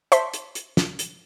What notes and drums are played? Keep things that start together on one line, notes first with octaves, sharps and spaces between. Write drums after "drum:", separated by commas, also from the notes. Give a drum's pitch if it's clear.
C5 E5 A5 C6 B6, drum: hi-hat
drum: hi-hat
drum: hi-hat
drum: snare
drum: hi-hat